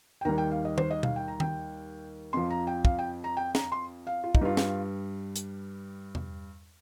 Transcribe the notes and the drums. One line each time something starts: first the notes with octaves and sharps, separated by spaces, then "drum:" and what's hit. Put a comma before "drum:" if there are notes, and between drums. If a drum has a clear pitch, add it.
G5
D#2 D#3 G3 A#5
G5
F5
D#5
C5, drum: tom D#3
D#5
F5, drum: tom B2
G5
A#5
G5, drum: tom D#3
F2 F3 C6
A#5
G5
F5, drum: kick
G5
A#5
G5
A#5, drum: snare
C6
F5
F4
D#4, drum: kick
G2 G3 F4
drum: snare
drum: hi-hat
drum: tom E2